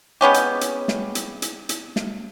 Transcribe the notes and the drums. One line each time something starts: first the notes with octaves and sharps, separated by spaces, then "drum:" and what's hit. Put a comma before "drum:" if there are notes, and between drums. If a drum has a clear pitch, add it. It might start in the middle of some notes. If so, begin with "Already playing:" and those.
G#3 B3 C#4 G4
drum: hi-hat
drum: hi-hat
drum: snare
drum: hi-hat
drum: hi-hat
drum: hi-hat
drum: snare